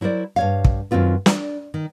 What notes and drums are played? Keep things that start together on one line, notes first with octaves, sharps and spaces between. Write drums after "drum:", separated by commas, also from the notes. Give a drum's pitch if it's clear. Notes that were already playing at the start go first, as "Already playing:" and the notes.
F#3 E4 A#4 C5 D5
G2 C#5 F5
drum: kick
F#2 D#3 C4 F4 B4
D4, drum: snare
D#3